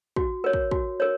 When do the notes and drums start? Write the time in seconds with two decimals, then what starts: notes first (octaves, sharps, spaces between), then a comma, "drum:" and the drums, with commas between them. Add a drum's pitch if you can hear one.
0.16 F#4, drum: kick
0.44 A#4 C#5
0.53 drum: kick
0.71 F#4, drum: kick
1.00 A#4 C#5